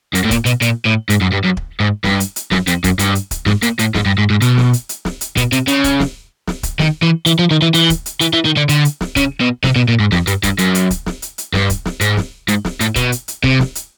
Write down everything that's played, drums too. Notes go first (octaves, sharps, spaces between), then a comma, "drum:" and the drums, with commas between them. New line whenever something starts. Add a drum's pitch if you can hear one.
F#2, drum: hi-hat
A2
A#2, drum: kick, hi-hat
B2, drum: hi-hat
A#2, drum: hi-hat
A2
G#2, drum: hi-hat
F#2
G2
F#2
drum: kick
G#2
G2, drum: snare
drum: hi-hat
drum: hi-hat
F#2, drum: snare
F2, drum: hi-hat
F#2, drum: kick, hi-hat
G2, drum: hi-hat
drum: hi-hat
drum: kick, hi-hat
G#2, drum: snare
A#2, drum: hi-hat
A2, drum: hi-hat
G#2, drum: snare
G2
G#2
G#2
B2, drum: hi-hat
drum: snare
drum: hi-hat
drum: hi-hat
drum: snare
drum: hi-hat
B2, drum: kick, hi-hat
C3, drum: hi-hat
C#3, drum: hi-hat
drum: kick, hi-hat
drum: snare
drum: snare
drum: kick, hi-hat
D#3, drum: snare
E3
E3, drum: hi-hat
F3
D#3
E3
E3, drum: hi-hat
drum: kick, hi-hat
drum: hi-hat
E3, drum: hi-hat
E3
D#3
D3
D3, drum: hi-hat
drum: hi-hat
drum: snare
C#3, drum: kick, hi-hat
B2
C3, drum: snare
B2
A#2
G#2
F2, drum: snare
G2, drum: hi-hat
G2, drum: kick, hi-hat
F#2, drum: hi-hat
drum: hi-hat
drum: kick, hi-hat
drum: snare
drum: hi-hat
drum: hi-hat
G2, drum: snare
drum: kick, hi-hat
drum: snare
G#2, drum: hi-hat
drum: snare
G#2, drum: hi-hat
drum: snare
A2, drum: hi-hat
B2, drum: kick, hi-hat
drum: hi-hat
drum: hi-hat
C3, drum: kick
drum: snare
drum: hi-hat